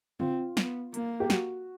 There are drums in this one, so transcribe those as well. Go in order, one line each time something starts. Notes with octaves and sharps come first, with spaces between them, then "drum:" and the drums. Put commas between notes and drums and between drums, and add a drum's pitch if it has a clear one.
C4 F4, drum: tom C#3
B3, drum: snare
A#3, drum: hi-hat
G4
F#4, drum: snare